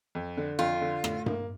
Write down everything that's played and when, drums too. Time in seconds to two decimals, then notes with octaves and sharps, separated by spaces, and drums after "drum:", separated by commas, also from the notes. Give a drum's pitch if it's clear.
0.15 F2
0.37 D3
0.59 F2 F4
0.81 D3
1.04 A2, drum: rim click
1.26 A#3, drum: tom G2